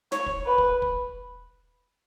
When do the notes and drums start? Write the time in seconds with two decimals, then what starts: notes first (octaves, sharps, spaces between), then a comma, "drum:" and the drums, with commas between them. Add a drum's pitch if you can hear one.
0.12 C#5, drum: snare
0.26 drum: kick
0.46 B4
0.58 drum: kick
0.82 drum: kick